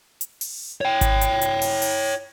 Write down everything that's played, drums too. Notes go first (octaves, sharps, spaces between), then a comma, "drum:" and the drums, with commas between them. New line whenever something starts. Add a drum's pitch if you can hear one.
drum: hi-hat
drum: open hi-hat
C#5 G5
drum: kick G#1, hi-hat
drum: hi-hat
drum: hi-hat
drum: open hi-hat
drum: open hi-hat